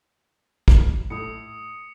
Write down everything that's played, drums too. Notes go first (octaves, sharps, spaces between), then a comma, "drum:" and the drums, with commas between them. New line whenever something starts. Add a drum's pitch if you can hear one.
drum: kick
A2 D#6 C#7